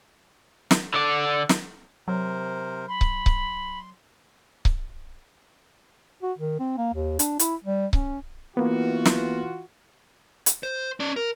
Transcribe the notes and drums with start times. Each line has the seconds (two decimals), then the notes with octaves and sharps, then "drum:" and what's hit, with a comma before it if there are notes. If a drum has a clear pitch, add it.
0.71 drum: snare
0.94 D3 D5
1.49 drum: snare
2.08 C3 F#3 A#4 C5
2.88 B5 C6
3.01 drum: kick C#1
3.26 drum: kick C#1
4.65 drum: kick C#1
6.23 F#4
6.38 D#3
6.59 C4
6.77 A#3
6.94 D#2
7.19 D4, drum: hi-hat
7.39 E4, drum: hi-hat
7.64 G3
7.93 C#4, drum: kick C#1
8.57 E3 A#3 B3 F4 F#4
9.05 drum: snare
10.46 drum: hi-hat
10.63 C5
11.00 C#4 D5
11.16 A#4